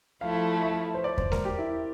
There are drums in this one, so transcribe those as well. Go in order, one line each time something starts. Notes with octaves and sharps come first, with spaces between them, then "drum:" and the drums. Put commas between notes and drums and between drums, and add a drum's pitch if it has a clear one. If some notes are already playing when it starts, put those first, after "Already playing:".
F3 A3 E4 F5
E5
C5
D5
C5, drum: kick E2
A#4, drum: snare G#3
G4
E4